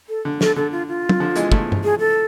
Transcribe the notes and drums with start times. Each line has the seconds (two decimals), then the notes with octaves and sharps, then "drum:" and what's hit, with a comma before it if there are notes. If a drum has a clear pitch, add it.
0.09 A4
0.25 D3
0.41 A4, drum: snare
0.56 D3 A4
0.72 F4
0.88 F4
1.09 drum: tom
1.20 D3 F3
1.36 E3 G#3, drum: hi-hat
1.52 F3 A3, drum: kick
1.72 drum: tom G2
1.84 G#4
1.99 A4